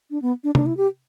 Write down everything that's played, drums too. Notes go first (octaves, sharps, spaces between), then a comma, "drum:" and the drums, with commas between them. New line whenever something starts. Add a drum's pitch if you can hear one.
D4
B3
D4
D4, drum: tom C3
E4
G4